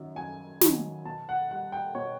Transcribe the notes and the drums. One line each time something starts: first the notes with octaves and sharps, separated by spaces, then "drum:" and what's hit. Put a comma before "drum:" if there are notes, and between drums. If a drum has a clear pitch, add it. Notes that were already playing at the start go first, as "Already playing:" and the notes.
Already playing: F#2 D#3 F#3
F#2 G#5
D#3 F#3, drum: snare
B2 A5
F#5
G3 F#5
G5
B2 C#5